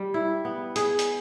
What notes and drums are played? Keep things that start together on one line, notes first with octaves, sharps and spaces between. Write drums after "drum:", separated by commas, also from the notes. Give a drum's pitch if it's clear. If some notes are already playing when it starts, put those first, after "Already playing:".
Already playing: G3
E4
B3
G#4, drum: hi-hat
drum: hi-hat